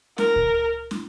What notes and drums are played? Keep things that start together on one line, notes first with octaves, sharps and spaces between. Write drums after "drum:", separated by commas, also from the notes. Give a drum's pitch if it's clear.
A#4, drum: snare
drum: kick C#2
drum: snare